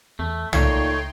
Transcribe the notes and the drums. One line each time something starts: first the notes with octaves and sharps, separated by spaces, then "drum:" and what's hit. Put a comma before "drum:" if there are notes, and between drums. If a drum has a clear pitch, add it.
E2 A3
C#2 A#2 A3 D#4 C#5 G5 C6, drum: tom